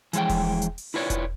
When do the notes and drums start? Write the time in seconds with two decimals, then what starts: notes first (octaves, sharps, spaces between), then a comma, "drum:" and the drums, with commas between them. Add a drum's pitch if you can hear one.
0.13 E3 F3 G#3 C#5 G5, drum: hi-hat
0.29 drum: kick E1, open hi-hat
0.62 drum: hi-hat
0.78 drum: open hi-hat
0.94 E4 F4 B4 C#5 D5
1.10 drum: kick E1, hi-hat